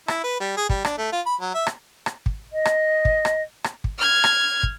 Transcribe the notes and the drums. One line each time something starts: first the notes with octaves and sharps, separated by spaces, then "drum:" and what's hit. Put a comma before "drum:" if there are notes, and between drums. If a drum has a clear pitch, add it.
E4, drum: rim click
B4
G3
G#4
G3, drum: kick
D4, drum: rim click
A3
F4
B5
F#3
E5
drum: rim click
drum: rim click
drum: kick
D#5
drum: rim click
drum: kick
drum: rim click
drum: rim click
drum: kick
F6 G#6
drum: rim click
drum: kick